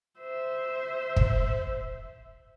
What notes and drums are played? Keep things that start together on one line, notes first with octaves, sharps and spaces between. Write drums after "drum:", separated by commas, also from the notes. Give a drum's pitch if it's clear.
C5 E5
drum: kick